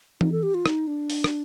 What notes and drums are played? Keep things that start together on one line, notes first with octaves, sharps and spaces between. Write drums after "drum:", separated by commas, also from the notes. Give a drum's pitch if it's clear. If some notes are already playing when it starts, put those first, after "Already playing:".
D#4, drum: tom E3
A4
G4
F4
D#4, drum: rim click
D4
drum: open hi-hat
drum: rim click